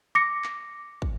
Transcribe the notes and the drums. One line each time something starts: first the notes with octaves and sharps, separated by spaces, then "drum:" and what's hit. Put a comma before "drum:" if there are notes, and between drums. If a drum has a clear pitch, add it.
D6 A#6 C#7
drum: clap
drum: kick